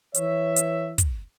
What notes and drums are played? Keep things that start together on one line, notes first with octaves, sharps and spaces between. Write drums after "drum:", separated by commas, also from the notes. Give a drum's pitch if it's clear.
E3 C#5 E5, drum: hi-hat
drum: hi-hat
drum: kick, hi-hat